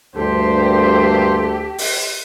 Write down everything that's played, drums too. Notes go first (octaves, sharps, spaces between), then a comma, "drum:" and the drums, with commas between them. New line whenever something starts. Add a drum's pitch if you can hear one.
D2 G2 A#3 G4 A4 C5
drum: open hi-hat